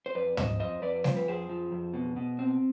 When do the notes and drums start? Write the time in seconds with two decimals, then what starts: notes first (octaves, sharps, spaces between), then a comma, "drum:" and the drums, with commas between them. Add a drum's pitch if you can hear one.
0.06 C5
0.15 F2 B4 D5
0.37 F2 C5 D#5, drum: tom
0.60 F2 C5 D#5
0.82 F2 B4 D5
1.04 F3 C5, drum: snare G3
1.16 B4
1.27 F2 G#4 C5
1.49 F3
1.72 F2
1.94 B2
2.16 B2
2.39 C4